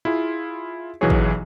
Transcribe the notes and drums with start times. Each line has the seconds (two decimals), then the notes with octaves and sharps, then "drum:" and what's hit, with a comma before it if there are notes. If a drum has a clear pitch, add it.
0.05 E4 F4 G#4
1.01 B1 E3 F#3 E4 G#4 C#5
1.10 drum: kick G#1